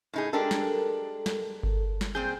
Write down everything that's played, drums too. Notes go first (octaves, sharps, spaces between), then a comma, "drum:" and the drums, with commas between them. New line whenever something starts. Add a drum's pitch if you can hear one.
A2 D#4 G#4
G#3 D4 G4 A4 A#4
drum: snare
drum: snare
drum: kick G1
drum: snare
A#2 C4 G#4 G6